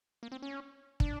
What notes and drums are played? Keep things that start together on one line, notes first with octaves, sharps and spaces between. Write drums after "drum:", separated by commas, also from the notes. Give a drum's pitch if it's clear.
A#3
C4
C#4
D4, drum: kick